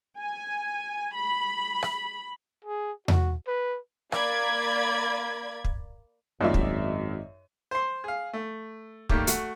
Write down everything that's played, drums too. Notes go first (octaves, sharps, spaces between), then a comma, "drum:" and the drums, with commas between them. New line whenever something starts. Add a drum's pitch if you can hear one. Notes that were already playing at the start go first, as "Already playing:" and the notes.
G#5
B5
drum: rim click
G#4
F#4, drum: tom E2
B4
A#3 D5 B5 G#6, drum: rim click
drum: kick
G#1 F#2 G3 A#3 D#4 F4 D5 E5
drum: kick
C5 C6
G#4 F5
A3
D#3 G3 A3 A#3 G4, drum: kick
A3 F#4, drum: hi-hat